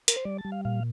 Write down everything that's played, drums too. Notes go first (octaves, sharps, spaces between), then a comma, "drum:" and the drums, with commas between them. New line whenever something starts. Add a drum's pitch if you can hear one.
A#4, drum: hi-hat
C5
G3 D5
A5
G3
F5
A#2 F5